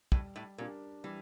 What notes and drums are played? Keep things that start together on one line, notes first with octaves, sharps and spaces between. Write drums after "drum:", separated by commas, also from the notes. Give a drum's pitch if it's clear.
A2 G3, drum: kick
A2
A#2 D4 G4 A#4
E3 G3